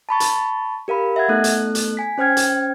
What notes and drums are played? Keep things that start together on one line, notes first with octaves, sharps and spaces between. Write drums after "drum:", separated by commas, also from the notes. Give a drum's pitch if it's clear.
A5 B5 C#6 A6
drum: hi-hat
G4 A#4 F5 B5
E5 F#5 G#6
A3 B3 D#4 A4 F#6
drum: hi-hat
drum: hi-hat
G#5 B6
C#4 C5 G5 F6 G#6
drum: hi-hat